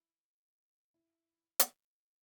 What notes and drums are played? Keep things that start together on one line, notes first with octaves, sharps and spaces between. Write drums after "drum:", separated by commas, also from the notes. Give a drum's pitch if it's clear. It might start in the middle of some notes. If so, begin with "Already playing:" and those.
Already playing: E4
E4
drum: hi-hat